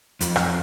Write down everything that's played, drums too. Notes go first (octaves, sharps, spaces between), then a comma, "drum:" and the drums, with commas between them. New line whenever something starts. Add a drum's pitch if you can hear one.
F2, drum: hi-hat
drum: rim click